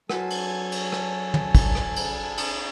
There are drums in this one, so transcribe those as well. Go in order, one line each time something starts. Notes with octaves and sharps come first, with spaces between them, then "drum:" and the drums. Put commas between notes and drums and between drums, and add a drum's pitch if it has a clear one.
F#3 F#4 A4 B4 F#5 G#5 A5, drum: rim click
drum: cymbal
drum: cymbal
drum: rim click
drum: tom
drum: kick, cymbal
drum: rim click
drum: cymbal
drum: cymbal